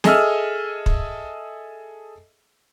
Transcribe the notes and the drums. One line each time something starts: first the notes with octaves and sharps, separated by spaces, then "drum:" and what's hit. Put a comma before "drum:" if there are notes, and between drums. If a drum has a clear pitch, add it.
G#4 A4 D#5 E5 E6 F6, drum: snare
drum: kick